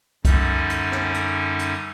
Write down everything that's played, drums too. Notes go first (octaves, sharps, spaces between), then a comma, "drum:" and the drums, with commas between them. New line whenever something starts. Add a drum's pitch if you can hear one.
F#2 D3 G3 C#4 D#4, drum: kick C2, hi-hat
drum: hi-hat
drum: rim click
drum: hi-hat
drum: hi-hat